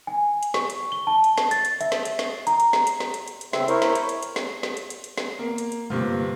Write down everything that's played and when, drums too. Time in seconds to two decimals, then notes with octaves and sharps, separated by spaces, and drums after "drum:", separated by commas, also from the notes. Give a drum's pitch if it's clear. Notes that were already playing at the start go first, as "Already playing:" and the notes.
0.07 G#5
0.43 drum: hi-hat
0.54 C#6, drum: snare
0.70 drum: hi-hat
0.92 G7
1.07 A5
1.24 drum: hi-hat
1.38 drum: snare
1.51 A6, drum: hi-hat
1.65 drum: hi-hat
1.81 E5, drum: hi-hat
1.92 drum: snare
2.05 drum: hi-hat
2.19 drum: snare
2.47 A#5, drum: hi-hat
2.60 drum: hi-hat
2.73 drum: snare
2.87 drum: hi-hat
3.00 drum: snare
3.14 drum: hi-hat
3.28 drum: hi-hat
3.41 drum: hi-hat
3.53 C#3 C4 E5 C6, drum: snare
3.68 E4 A#4 C5 C#5, drum: hi-hat
3.82 drum: snare
3.95 drum: hi-hat
4.09 drum: hi-hat
4.23 drum: hi-hat
4.36 drum: snare
4.63 drum: snare
4.77 drum: hi-hat
4.90 drum: hi-hat
5.04 drum: hi-hat
5.18 drum: snare
5.39 A#3
5.58 drum: hi-hat
5.72 drum: hi-hat
5.90 G1 C3 A3 A#3 F4